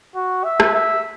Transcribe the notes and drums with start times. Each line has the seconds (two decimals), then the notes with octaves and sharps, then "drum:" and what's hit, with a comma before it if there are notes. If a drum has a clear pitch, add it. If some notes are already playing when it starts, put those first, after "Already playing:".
0.15 F#4
0.45 E5
0.60 drum: rim click
0.75 E5